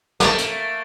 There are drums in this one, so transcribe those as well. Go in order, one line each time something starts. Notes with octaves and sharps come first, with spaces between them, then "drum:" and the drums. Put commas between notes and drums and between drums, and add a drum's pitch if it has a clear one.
A3 A#3, drum: snare
drum: hi-hat